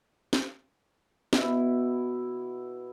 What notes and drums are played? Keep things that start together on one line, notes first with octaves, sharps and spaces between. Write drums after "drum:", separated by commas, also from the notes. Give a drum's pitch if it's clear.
drum: snare
B2 E4, drum: snare